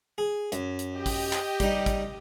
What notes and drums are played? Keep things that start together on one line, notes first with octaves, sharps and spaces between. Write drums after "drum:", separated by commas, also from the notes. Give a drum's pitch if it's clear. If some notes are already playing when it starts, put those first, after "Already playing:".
G#4
F#2, drum: hi-hat
drum: hi-hat
G4 D#5
drum: kick, open hi-hat
drum: clap
G3 D#4, drum: kick, hi-hat
drum: kick, hi-hat